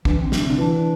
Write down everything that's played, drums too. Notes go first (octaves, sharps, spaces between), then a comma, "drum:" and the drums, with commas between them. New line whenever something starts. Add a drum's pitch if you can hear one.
D3 E3, drum: kick
C4
D3 A3, drum: snare
C3
D3
E3 D4